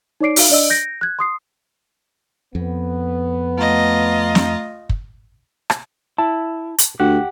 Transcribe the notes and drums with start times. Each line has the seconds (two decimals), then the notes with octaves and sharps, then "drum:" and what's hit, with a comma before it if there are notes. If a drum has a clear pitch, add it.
0.20 D#4 C#5 D5 D6 C7 D7
0.36 D#4 F#4 E5 F5, drum: open hi-hat
0.50 D4 D5 D#5 E6
0.70 G6 A#6 D7
1.01 F#6 G#6
1.19 C6 D#6 C7
2.55 F2 B3
3.58 A3 F4 D#5 A#5
4.35 drum: snare
4.89 drum: kick
5.70 drum: rim click
6.18 E4 A5
6.78 drum: hi-hat
7.00 D2 G4 F#5